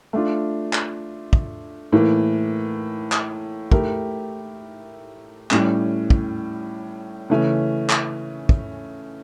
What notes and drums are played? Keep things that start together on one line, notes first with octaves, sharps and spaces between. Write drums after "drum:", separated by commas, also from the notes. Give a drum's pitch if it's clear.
A3 D4 F4
drum: clap
drum: kick
A2 E3 A#3
drum: clap
A3 E4 G4 A#4, drum: kick
A2 G3 C#4, drum: clap
drum: kick
C#3 E3 A3 C#4
drum: clap
drum: kick